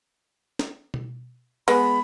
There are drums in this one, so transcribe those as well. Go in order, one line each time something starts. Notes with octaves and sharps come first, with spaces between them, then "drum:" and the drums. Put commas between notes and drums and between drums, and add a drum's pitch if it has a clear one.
drum: snare
drum: tom B2
G#3 B3 B5, drum: cymbal